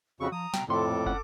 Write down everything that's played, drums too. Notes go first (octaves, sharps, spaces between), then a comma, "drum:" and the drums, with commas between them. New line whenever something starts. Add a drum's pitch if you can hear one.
F2 C#3 F#4 B5 C#6 E6
F3 A#5 D#6
C2 B2 G5, drum: snare
F2 A2 C3 A4 C6 D6
A#2
C#4 F#5, drum: kick